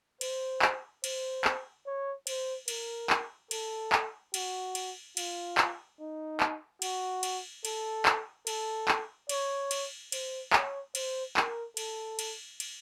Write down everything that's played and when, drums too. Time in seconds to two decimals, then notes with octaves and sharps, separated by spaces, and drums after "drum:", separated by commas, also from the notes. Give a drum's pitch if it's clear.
0.21 C5, drum: cymbal
0.62 drum: clap
1.04 C5, drum: cymbal
1.44 drum: clap
1.86 C#5
2.27 C5, drum: cymbal
2.68 A#4, drum: cymbal
3.10 drum: clap
3.51 A4, drum: cymbal
3.92 drum: clap
4.34 F#4, drum: cymbal
4.75 drum: cymbal
5.17 F4, drum: cymbal
5.58 drum: clap
6.00 D#4
6.40 drum: clap
6.82 F#4, drum: cymbal
7.23 drum: cymbal
7.65 A4, drum: cymbal
8.06 drum: clap
8.47 A4, drum: cymbal
8.88 drum: clap
9.29 C#5, drum: cymbal
9.71 drum: cymbal
10.12 C5, drum: cymbal
10.53 C#5, drum: clap
10.95 C5, drum: cymbal
11.37 A#4, drum: clap
11.77 A4, drum: cymbal
12.19 drum: cymbal
12.60 drum: cymbal